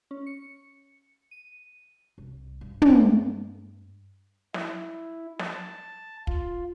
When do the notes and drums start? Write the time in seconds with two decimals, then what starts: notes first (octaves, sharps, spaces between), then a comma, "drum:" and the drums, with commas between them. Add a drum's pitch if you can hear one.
0.11 C#4
0.26 C#7
1.31 D#7
2.18 C2
2.61 G2
2.82 drum: tom
4.54 E4, drum: snare
5.39 A5, drum: snare
6.27 F4, drum: kick